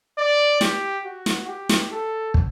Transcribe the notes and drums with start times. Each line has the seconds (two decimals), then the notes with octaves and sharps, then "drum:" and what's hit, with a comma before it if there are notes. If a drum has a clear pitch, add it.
0.18 D5
0.61 G4, drum: snare
1.05 F#4
1.26 drum: snare
1.48 G4
1.69 drum: snare
1.91 A4
2.34 drum: kick